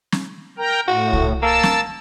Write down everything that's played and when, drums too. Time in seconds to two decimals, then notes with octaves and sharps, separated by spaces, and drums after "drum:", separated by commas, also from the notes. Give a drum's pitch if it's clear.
0.12 drum: snare
0.58 A#4 G5 A#5
0.88 A2 F#4
1.13 drum: kick C2
1.42 A#3 A5 E6
1.63 drum: snare